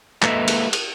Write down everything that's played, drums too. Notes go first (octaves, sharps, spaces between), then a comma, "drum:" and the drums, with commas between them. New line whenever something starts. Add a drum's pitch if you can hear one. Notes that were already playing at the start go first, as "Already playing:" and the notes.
G#3 A#3 A4 B4 D#5 E5, drum: clap
drum: cymbal
drum: cymbal